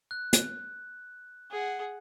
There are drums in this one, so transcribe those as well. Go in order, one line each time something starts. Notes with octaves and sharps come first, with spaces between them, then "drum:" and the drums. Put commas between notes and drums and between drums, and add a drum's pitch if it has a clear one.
F#6
drum: hi-hat
G#4 F#5